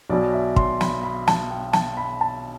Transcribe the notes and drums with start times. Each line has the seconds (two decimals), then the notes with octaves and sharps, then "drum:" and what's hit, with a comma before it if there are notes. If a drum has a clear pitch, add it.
0.09 B1 B2 F#3 D5
0.33 E5
0.56 C6, drum: kick
0.81 B5, drum: snare
1.03 B5
1.27 A5, drum: snare
1.50 G5
1.73 A5, drum: snare
1.97 B5
2.21 A5